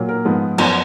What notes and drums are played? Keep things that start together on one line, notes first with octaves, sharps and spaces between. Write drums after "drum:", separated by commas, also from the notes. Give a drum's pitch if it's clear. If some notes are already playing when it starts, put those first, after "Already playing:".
Already playing: A#2 F#3 A#3
A#4
G#2 F3 G#3 B3
F#2 F3 B3, drum: cymbal